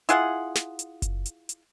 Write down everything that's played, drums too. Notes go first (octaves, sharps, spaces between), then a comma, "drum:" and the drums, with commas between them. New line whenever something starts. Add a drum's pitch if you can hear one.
E4 F4 G#4 F#5, drum: hi-hat
drum: snare
drum: hi-hat
drum: kick F#1, hi-hat
drum: hi-hat
drum: hi-hat